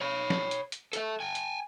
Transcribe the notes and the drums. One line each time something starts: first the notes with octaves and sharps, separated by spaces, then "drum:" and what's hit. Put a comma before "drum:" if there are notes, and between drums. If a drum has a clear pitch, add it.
C#5 B5
drum: snare
drum: hi-hat
drum: hi-hat
A4 E5, drum: hi-hat
G5 G#5
drum: hi-hat